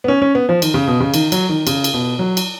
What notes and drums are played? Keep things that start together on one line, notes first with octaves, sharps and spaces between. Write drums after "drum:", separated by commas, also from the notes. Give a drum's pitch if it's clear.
B3
C#4
C#4
B3
F3
D#3, drum: cymbal
C#3
B2
C#3
D#3, drum: cymbal
F#3, drum: cymbal
D#3
C#3, drum: cymbal
drum: cymbal
B2
F#3
drum: cymbal